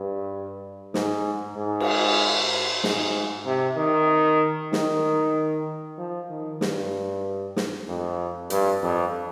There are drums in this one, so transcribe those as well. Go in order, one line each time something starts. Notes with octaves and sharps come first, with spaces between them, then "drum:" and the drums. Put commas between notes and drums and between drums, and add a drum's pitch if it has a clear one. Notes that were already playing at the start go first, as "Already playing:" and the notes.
Already playing: G2
G#2, drum: snare
G#2
drum: cymbal
G#2, drum: snare
C3
D#3
D#3, drum: snare
F3
D#3
G2, drum: snare
drum: snare
F2
G2, drum: hi-hat
F2